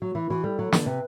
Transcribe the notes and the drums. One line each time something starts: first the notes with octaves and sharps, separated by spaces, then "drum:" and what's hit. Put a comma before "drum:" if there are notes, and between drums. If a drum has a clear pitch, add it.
F#3 F#4
E3 E4
E3 F#4
G3 A4
F#3
D3, drum: snare
C3 B4